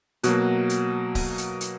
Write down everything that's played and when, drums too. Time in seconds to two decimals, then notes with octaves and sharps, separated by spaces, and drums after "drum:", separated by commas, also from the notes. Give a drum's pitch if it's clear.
0.23 B2 F#3 A#3 F#4, drum: hi-hat
0.70 drum: hi-hat
1.15 drum: kick C#1, open hi-hat
1.38 drum: hi-hat
1.61 drum: hi-hat